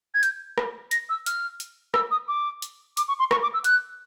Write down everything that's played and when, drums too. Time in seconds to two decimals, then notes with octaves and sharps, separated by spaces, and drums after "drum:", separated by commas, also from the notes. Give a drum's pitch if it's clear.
0.14 G#6
0.23 G6, drum: hi-hat
0.58 drum: rim click
0.91 A#6, drum: hi-hat
1.09 E6
1.26 F6, drum: hi-hat
1.60 drum: hi-hat
1.94 E6, drum: rim click
2.11 D#6
2.28 D6
2.62 drum: hi-hat
2.97 D6, drum: hi-hat
3.08 C#6
3.19 C6
3.31 C#6, drum: rim click
3.43 D6
3.54 E6
3.64 F#6, drum: hi-hat